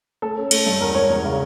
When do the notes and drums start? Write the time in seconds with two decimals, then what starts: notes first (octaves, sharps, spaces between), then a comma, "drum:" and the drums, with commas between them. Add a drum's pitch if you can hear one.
0.22 A3 A4
0.37 C#4
0.51 A3, drum: cymbal
0.66 G2
0.81 E2 A#4
0.95 E1 C#5
1.10 E2
1.24 C#3